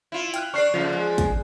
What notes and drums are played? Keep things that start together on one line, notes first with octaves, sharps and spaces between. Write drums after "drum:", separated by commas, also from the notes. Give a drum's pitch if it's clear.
E4 F4
G5 F6 F#6, drum: hi-hat
D4 D5 C#6 F#6 C7
C#3 F3 A3 A#3
G#3
drum: kick, hi-hat